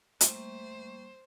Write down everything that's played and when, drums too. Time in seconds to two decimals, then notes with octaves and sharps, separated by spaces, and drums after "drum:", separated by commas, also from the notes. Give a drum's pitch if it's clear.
0.21 G3 A3 A#3 C5 C#6, drum: hi-hat